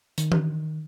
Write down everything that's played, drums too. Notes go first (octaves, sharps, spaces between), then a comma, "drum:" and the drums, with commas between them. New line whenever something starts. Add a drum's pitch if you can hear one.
D#3, drum: hi-hat
drum: tom E3